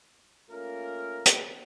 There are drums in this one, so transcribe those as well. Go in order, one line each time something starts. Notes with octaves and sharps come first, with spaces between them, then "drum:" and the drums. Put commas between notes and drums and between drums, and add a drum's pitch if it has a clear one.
A3 A#3 C#4 F4 A#4
drum: hi-hat